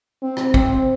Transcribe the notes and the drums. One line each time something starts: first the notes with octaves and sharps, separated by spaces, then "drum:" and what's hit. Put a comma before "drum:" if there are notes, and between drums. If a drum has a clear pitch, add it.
C4
drum: rim click
C4, drum: kick